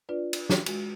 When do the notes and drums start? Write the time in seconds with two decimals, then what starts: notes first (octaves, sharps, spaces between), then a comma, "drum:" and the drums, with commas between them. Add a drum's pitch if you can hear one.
0.09 D4 F4 B4 D5
0.33 drum: cymbal
0.50 drum: snare
0.66 G#3 F#4, drum: cymbal